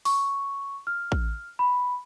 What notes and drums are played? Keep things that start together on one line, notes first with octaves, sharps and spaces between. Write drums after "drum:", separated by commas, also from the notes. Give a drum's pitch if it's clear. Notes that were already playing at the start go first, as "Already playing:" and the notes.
C#6, drum: open hi-hat
F6
drum: kick A1
B5